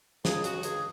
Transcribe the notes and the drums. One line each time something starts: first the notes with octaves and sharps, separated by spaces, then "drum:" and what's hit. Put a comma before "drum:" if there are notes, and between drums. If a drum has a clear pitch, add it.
C#2 G#4, drum: snare
C#2 F#4, drum: hi-hat
C#2 G#4, drum: hi-hat